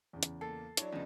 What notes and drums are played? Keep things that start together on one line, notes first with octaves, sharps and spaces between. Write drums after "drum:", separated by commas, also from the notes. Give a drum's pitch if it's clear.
E2 C#3
drum: hi-hat
A#3 A4 C7
F#3 D4 E4 C#5, drum: hi-hat
D2 C#3 F3 B3 D4 D#4